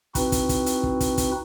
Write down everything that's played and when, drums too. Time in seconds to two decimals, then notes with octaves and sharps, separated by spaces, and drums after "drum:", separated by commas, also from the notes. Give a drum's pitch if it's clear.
0.15 C4 D#4 E4 F#4 B4, drum: kick, hi-hat
0.32 drum: kick, hi-hat
0.49 drum: kick, hi-hat
0.66 drum: hi-hat
0.83 drum: kick
1.00 drum: kick, hi-hat
1.18 drum: kick, hi-hat